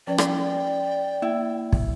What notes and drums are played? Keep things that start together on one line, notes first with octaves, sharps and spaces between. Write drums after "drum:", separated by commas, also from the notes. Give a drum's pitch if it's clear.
F3 C#4 B4 D5 G5
drum: rim click
A#3 E4
drum: kick